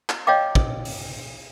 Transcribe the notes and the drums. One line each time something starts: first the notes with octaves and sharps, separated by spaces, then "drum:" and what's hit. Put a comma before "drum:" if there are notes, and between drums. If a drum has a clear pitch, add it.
drum: clap
C#5 D#5 F5 G5 D6
drum: kick
drum: open hi-hat